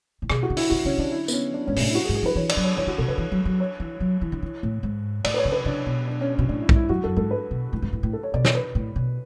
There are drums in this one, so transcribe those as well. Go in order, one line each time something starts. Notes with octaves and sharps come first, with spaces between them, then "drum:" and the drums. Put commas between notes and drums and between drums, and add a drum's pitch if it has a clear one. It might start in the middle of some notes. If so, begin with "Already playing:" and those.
A2
B2 G#4, drum: rim click
F#4
D3
E4, drum: open hi-hat
C#3 F#4
C#3 C#4
D3 D4
E4
B3, drum: tambourine
C#4
D4
G#2 C#4
B2, drum: open hi-hat
A2 D4
E4
F#4
G#4
G#2
G#4
E3 B4
E3 C#5
D5, drum: cymbal
F#3
C#5
E3 C#5
D3 F#4
B2 A4
C#3 B4
E3
F#3
F#3
C#5
E3
F#3
E3
D3
E3
A2
G#2
A2 D5, drum: cymbal
B4
C#5
C#3
B4
C#3 D4
B2
D4
C#4
B2 C#4
A2 D4
E4
G#2, drum: kick B1
E4
F#2 F#4
F#2 A4
G#2 A4
B4
B2
A2
G#2
A2
A2
A4
C#5
B2 D5
C#5, drum: snare
B4
A2
B2